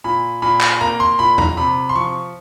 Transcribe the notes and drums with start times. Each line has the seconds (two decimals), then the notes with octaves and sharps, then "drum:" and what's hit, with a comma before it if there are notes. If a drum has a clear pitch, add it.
0.04 A#2 B5
0.42 A#2 B5
0.61 drum: clap
0.81 A#3 A#5
1.00 C6
1.19 A#2 B5
1.38 A#5, drum: tom E2
1.57 C3 B5
1.89 C6
1.95 F3 C#6